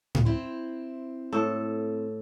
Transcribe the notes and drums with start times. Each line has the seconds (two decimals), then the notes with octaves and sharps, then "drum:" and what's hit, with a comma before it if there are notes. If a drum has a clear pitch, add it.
0.15 drum: tom A2
0.25 C4 E4 C5
1.33 A2 A4